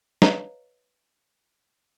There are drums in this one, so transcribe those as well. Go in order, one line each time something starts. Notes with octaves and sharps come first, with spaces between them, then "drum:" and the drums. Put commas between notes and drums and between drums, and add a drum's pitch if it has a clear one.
B4 C#5 D#5 F5 A#5, drum: snare